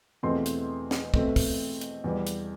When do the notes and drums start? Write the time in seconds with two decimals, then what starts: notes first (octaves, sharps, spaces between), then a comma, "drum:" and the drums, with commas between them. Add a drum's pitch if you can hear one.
0.23 E2 B2 A3 C4 C6
0.46 drum: hi-hat
0.91 drum: snare
1.14 B2 A3 C4, drum: kick
1.36 drum: kick, open hi-hat
1.81 drum: hi-hat
2.04 E2 B2 G3
2.27 drum: hi-hat